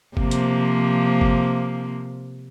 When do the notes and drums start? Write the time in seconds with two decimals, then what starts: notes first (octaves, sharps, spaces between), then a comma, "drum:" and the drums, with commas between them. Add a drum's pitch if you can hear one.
0.17 C3 F3 A#3, drum: kick
0.31 drum: hi-hat
1.21 drum: kick